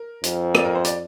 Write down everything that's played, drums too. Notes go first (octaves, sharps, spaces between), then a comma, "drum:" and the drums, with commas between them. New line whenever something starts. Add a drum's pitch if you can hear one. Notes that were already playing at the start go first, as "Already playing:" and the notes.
Already playing: A#4
F2, drum: hi-hat
D5, drum: rim click
A#4
C5
D5, drum: hi-hat